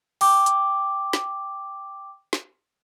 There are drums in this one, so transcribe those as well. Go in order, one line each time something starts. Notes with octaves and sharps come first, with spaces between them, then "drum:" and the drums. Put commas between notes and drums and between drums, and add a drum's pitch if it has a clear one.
G5 D6, drum: open hi-hat
drum: hi-hat
drum: snare
drum: snare